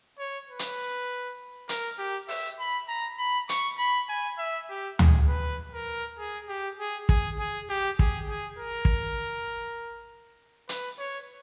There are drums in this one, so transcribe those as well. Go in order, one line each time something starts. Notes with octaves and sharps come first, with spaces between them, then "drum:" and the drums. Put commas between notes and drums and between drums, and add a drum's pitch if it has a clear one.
C#5
B4
drum: hi-hat
A#4, drum: hi-hat
G4
E5, drum: open hi-hat
B5
A#5
B5
C#6, drum: hi-hat
B5
G#5
E5
G4
G#4, drum: tom D2
B4
A#4
G#4
G4
G#4
G#4, drum: kick
G#4
G4
G#4, drum: kick
G#4
A#4
drum: kick
B4, drum: hi-hat
C#5